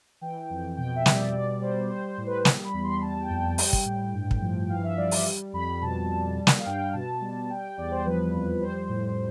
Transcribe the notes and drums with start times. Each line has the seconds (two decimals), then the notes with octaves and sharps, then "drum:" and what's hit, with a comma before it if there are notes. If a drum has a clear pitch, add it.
0.21 E3 G5
0.50 F2
0.77 B2 G5
0.96 E5
1.06 G3, drum: snare
1.14 D5
1.33 B2 D5
1.61 G3 C5
1.89 G3 C5
2.08 C5
2.18 A2
2.27 B4
2.45 G3, drum: snare
2.65 B5
2.74 E2
2.83 C6
3.01 G3 A5
3.20 G5
3.30 F2
3.38 G5
3.58 G3, drum: open hi-hat
3.73 drum: kick
3.85 A2
4.13 G2
4.31 drum: kick
4.41 F3
4.69 E3 F5
4.84 E5
4.97 G3 D5
5.11 E5, drum: open hi-hat
5.26 G3
5.53 F2 B5
5.82 B2 A5
6.10 G3
6.37 G3
6.47 drum: snare
6.59 F5
6.65 G2 G5
6.90 G5
6.93 B2 A5
7.21 G3
7.49 G3 G5
7.64 G5
7.78 E2 D5
7.91 C5
8.05 F3 B4
8.34 F2
8.62 G3 C5
8.89 A2